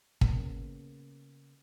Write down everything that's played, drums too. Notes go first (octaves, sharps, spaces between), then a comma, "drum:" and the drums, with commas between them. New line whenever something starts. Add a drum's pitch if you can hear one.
C#3 A#3 B3, drum: kick